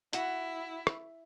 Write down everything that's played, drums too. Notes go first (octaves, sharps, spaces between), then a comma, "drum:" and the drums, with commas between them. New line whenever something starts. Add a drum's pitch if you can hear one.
E4 F#4 F#5, drum: hi-hat
drum: rim click